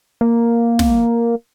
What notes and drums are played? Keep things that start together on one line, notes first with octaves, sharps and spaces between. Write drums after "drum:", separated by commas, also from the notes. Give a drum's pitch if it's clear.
A#3
drum: snare